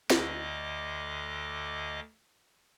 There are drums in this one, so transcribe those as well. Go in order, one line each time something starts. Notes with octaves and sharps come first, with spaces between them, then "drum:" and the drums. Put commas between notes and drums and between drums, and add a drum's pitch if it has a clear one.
D2 D3 D#5 D6, drum: snare